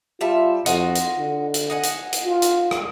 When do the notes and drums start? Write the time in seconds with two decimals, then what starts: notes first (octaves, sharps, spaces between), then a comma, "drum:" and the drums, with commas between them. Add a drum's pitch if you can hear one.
0.21 G3 F4 E5 A5
0.66 F2 F4 F#4 D#5, drum: hi-hat
0.95 drum: hi-hat
1.18 D3
1.54 drum: hi-hat
1.70 D#5 F#5 G#5
1.83 drum: hi-hat
2.13 drum: hi-hat
2.25 F4
2.42 drum: hi-hat
2.71 drum: rim click